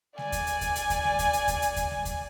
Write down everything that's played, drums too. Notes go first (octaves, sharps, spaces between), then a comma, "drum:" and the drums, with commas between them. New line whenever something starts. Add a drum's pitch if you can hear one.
D5 G#5, drum: snare G3
drum: kick D#2, hi-hat
drum: hi-hat
drum: kick D#2, hi-hat
drum: hi-hat
drum: kick D#2, hi-hat
drum: snare G3
drum: kick D#2, hi-hat
drum: hi-hat
drum: kick D#2, hi-hat
drum: hi-hat
drum: kick D#2, hi-hat
drum: snare G3
drum: kick D#2, hi-hat